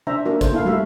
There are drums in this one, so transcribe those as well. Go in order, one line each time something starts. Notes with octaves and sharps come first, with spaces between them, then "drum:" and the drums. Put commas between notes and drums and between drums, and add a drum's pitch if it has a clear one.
D4 C5 E5 G#5 A#5
A#3 D4 F#4 A#4
A4 C5, drum: kick, hi-hat
A#3 E4 A4 F5
G3 A3 F#4 E5 A#5 B5